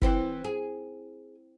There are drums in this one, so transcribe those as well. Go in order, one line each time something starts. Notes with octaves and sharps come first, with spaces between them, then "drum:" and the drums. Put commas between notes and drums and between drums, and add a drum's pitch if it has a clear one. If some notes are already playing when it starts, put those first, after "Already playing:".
E3 C4 E4, drum: kick
G#4